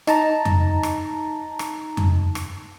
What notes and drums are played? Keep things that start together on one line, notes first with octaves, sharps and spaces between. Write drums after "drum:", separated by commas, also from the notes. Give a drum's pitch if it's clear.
D#4 A5 A#5, drum: rim click
drum: tom F2
drum: rim click
drum: rim click
drum: tom F2
drum: rim click